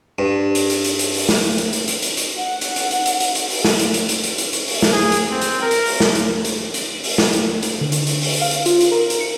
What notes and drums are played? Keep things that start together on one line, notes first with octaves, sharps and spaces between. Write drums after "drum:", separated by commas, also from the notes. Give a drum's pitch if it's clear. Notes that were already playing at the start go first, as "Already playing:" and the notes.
G2
drum: hi-hat
drum: hi-hat
drum: hi-hat
drum: hi-hat
drum: open hi-hat
drum: snare
drum: hi-hat
drum: hi-hat
drum: hi-hat
drum: hi-hat
drum: hi-hat
F#5
drum: hi-hat
drum: hi-hat
drum: hi-hat
drum: hi-hat
drum: hi-hat
drum: hi-hat
drum: open hi-hat
drum: snare
drum: hi-hat
drum: hi-hat
drum: hi-hat
drum: hi-hat
drum: hi-hat
drum: hi-hat
drum: open hi-hat
drum: snare
G#4
drum: hi-hat
C4
drum: hi-hat
A#4
drum: hi-hat
drum: open hi-hat
drum: snare
drum: hi-hat
drum: hi-hat
drum: hi-hat
drum: open hi-hat
drum: snare
drum: hi-hat
drum: hi-hat
D3
drum: hi-hat
drum: hi-hat
drum: open hi-hat
F5
drum: hi-hat
F4, drum: hi-hat
drum: hi-hat
A#4
drum: hi-hat
C#7